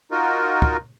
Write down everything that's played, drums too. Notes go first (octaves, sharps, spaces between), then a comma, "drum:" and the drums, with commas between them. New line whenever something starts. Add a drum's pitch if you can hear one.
D#4 F4 F#4 A#4
drum: kick